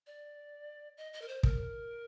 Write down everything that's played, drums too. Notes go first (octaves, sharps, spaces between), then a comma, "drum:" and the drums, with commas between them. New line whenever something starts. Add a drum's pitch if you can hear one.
D5
D#5
D#5
A#4
C5
A#4, drum: kick